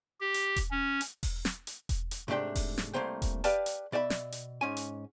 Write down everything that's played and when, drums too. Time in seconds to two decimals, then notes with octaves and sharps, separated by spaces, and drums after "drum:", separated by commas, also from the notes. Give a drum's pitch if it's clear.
0.21 G4
0.34 drum: hi-hat
0.56 drum: kick E1, hi-hat
0.71 C#4
1.01 drum: hi-hat
1.23 drum: kick E1, open hi-hat
1.45 drum: snare
1.67 drum: hi-hat
1.89 drum: kick E1, hi-hat
2.11 drum: hi-hat
2.28 G#2 C3 A3 D4 G4 G5
2.55 drum: kick E1, open hi-hat
2.78 drum: snare
2.93 C2 D#3 A3 A#3 C5 G5
3.22 drum: kick E1, hi-hat
3.44 G4 B4 D5 F5 G5 A5, drum: hi-hat
3.66 drum: hi-hat
3.92 B2 D5 E5 F#5 B5
4.10 drum: snare
4.32 drum: hi-hat
4.61 G#2 C#4 G#5
4.77 drum: hi-hat